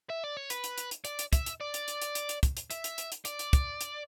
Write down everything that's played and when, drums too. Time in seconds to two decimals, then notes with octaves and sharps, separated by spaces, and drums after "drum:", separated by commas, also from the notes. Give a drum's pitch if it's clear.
0.10 E5
0.24 D5
0.37 C#5
0.50 B4, drum: hi-hat
0.64 drum: hi-hat
0.78 drum: hi-hat
0.91 drum: hi-hat
1.05 D5, drum: hi-hat
1.19 drum: hi-hat
1.33 E5, drum: kick, hi-hat
1.46 drum: hi-hat
1.60 D5
1.74 drum: hi-hat
1.88 drum: hi-hat
2.02 drum: hi-hat
2.15 drum: hi-hat
2.29 drum: hi-hat
2.43 drum: kick, hi-hat
2.57 drum: hi-hat
2.71 E5, drum: hi-hat
2.84 drum: hi-hat
2.98 drum: hi-hat
3.12 drum: hi-hat
3.25 D5, drum: hi-hat
3.39 drum: hi-hat
3.53 drum: kick, hi-hat
3.81 drum: hi-hat